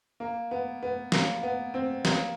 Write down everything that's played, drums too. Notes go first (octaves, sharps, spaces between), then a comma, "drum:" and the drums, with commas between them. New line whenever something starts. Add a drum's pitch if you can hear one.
A#3
B3
B3
A#3, drum: snare
B3
C4
A#3, drum: snare